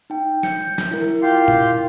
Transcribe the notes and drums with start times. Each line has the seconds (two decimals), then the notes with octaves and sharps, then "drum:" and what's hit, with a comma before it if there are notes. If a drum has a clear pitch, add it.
0.10 D#4 G5
0.43 G6 C#7, drum: snare
0.78 drum: snare
0.91 E4 A#4
1.22 F4 G4 C6
1.48 drum: tom